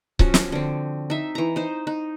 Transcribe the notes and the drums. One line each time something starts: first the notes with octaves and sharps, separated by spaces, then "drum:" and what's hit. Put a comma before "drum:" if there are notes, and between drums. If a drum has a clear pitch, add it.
F3 C#4 F#4, drum: kick C#1
drum: snare
D3 C4
D#4 E5
E3 A#5
D#4 C5
D#4